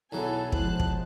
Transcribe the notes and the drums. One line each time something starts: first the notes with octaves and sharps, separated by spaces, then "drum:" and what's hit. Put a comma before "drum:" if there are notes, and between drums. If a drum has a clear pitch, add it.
B1 E2 F#3 E4 A4 G#5
F3 G#3 C5 A5 F#6, drum: kick
drum: kick